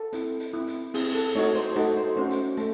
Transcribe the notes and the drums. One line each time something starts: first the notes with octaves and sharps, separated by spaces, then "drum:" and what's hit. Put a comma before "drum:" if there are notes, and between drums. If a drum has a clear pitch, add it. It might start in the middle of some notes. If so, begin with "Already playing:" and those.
Already playing: A4
C4 E4, drum: hi-hat
drum: hi-hat
C4 E4
drum: hi-hat
C4 E4 G#4, drum: open hi-hat
A4
A3 D#4 F#4 C#5
C5
A3 D#4 F#4 A4, drum: hi-hat
C5
A3 C#4 F#4 C5
drum: hi-hat
A3, drum: hi-hat